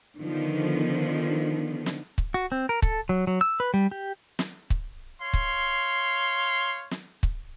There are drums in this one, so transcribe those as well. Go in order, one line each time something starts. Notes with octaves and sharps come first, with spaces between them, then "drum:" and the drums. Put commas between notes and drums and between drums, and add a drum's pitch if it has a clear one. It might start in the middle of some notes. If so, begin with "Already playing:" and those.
D3 D#3 F3 B3
drum: snare
drum: kick C#1
F#4
C4
A#4
A4, drum: kick C#1
F#3
F#3
E6
B4
G3
G4
drum: snare
drum: kick C#1
C#5 F5 C6
drum: kick C#1
drum: snare
drum: kick C#1